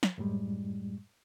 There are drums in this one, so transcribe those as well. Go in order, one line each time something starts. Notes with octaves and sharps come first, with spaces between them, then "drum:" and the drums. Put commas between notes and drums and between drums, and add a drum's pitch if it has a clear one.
drum: snare
F#2 A2 G3 G#3